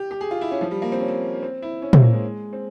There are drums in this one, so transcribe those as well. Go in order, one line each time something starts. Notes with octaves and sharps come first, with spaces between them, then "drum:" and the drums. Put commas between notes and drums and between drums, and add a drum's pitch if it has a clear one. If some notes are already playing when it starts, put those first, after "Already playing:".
Already playing: G4
G4
G#4
F4
E4
C#4
F3
G3
A#3
C4
C#4
C4
C4
E4
C#4
C4, drum: tom
A#3
G#3
C4